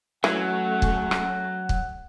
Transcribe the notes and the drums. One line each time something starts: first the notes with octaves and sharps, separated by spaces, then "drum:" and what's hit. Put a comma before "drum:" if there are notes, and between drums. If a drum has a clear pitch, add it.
E3 F#3 A3 C#4 F#5, drum: rim click
drum: kick
drum: rim click
drum: kick